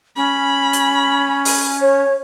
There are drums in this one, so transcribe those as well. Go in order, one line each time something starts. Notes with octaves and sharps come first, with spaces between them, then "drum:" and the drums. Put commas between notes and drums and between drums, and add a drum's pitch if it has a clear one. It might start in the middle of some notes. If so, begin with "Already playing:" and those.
C#4 B5
drum: hi-hat
drum: open hi-hat
C#5